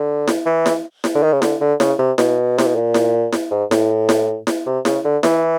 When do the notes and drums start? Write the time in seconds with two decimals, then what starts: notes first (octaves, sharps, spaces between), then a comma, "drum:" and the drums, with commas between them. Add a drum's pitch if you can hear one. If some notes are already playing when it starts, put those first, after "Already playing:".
Already playing: D3
0.28 drum: snare E4
0.46 E3
0.66 drum: snare E4
1.04 drum: snare E4
1.15 D3
1.23 D#3
1.33 C#3
1.42 D3, drum: snare E4
1.61 D3
1.80 C#3, drum: snare E4
1.99 C3
2.18 B2, drum: snare E4
2.58 C3, drum: snare E4
2.67 B2
2.75 A#2
2.94 drum: snare E4
3.32 drum: snare E4
3.51 G#2
3.71 A2, drum: snare E4
4.09 drum: snare E4
4.47 drum: snare E4
4.66 C3
4.85 C#3, drum: snare E4
5.05 D3
5.23 E3, drum: snare E4